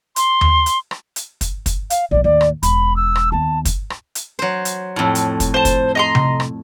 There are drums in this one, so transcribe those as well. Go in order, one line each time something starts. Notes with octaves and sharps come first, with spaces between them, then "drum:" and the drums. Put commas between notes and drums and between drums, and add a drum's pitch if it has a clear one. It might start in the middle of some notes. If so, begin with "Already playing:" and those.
C6, drum: hi-hat
drum: tom D#2
drum: hi-hat
drum: rim click
drum: hi-hat
drum: kick, hi-hat
drum: kick, hi-hat
F5, drum: hi-hat
B1 F3 D5
D#2 A2 D5
drum: rim click
E1 B5, drum: hi-hat
E6
drum: rim click
D#2 B3 A5
drum: kick, hi-hat
drum: rim click
drum: hi-hat
F#3 C5
drum: hi-hat
F2 A2
drum: hi-hat
drum: kick, hi-hat
C5 A5
drum: kick, hi-hat
D#5 A#5 C6
drum: tom C3
drum: rim click